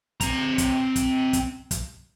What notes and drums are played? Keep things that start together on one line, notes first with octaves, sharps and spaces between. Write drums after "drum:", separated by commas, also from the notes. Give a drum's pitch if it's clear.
C4 A#5, drum: kick, hi-hat
drum: kick, hi-hat
drum: kick, hi-hat
drum: kick, hi-hat
drum: kick, hi-hat